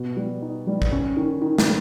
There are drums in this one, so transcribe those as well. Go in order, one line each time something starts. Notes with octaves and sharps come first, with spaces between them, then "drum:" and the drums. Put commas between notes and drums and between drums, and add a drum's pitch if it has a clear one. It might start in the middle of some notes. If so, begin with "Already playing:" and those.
Already playing: B2
G3
D#4
G3
drum: kick
C#4
D#3
D#3
drum: snare